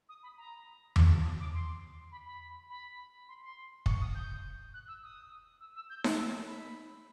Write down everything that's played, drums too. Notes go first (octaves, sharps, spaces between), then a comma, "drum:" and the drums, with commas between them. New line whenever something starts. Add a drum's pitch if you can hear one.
D#6
B5
A#5
A5, drum: tom E2
A5
D#6
D6
C6
B5
B5
B5
C6
C6
C#6, drum: kick
D#6
G6
F#6
E6
D#6
E6
E6
G6
F#6, drum: snare D#4
E6
B5